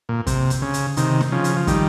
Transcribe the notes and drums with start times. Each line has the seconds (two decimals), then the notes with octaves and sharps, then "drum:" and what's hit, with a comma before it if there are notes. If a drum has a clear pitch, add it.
0.09 A#2
0.27 C3, drum: kick, hi-hat
0.50 drum: hi-hat
0.62 C#3
0.74 drum: hi-hat
0.97 C3 D#3, drum: hi-hat
1.21 drum: snare
1.32 C#3 F3
1.44 drum: hi-hat
1.56 F3
1.67 D#3 G3, drum: kick, hi-hat